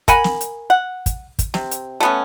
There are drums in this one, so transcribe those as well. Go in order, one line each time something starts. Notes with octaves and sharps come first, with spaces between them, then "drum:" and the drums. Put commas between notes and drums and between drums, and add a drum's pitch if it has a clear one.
A#4 F#5 G#5 B5, drum: kick, hi-hat
drum: snare
drum: hi-hat
F#5
drum: kick, hi-hat
drum: kick, hi-hat
C3, drum: snare
drum: hi-hat
A3 B3 C#4